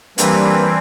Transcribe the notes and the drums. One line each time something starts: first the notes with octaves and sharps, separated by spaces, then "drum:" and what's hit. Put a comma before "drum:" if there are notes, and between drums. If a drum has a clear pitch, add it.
E3 G3 A#3 C4 D4 B4, drum: hi-hat